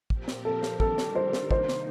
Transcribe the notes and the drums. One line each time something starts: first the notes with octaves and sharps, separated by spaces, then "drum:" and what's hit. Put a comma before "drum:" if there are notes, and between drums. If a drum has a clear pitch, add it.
A#2 F3 C4 G4 A#4, drum: kick
drum: snare
A4
drum: snare
D#3 G3 D4 G4 A4 A#4, drum: kick
drum: snare
C5
drum: snare
C3 D#3 A#3 D#4 C5, drum: kick
drum: snare